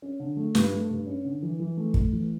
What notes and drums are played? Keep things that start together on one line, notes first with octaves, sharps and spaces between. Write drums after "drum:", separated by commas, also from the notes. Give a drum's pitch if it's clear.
C#4
D3
A3
G2, drum: snare
A3
G2
C#4
D3
E3
E3
A3
A3, drum: kick
E3